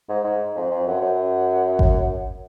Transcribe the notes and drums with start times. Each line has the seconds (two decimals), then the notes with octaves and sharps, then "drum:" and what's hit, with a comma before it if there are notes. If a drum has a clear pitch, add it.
0.09 G#2
0.24 G#2
0.55 F2
0.71 F2
0.87 F#2
1.02 F#2
1.79 drum: kick G#1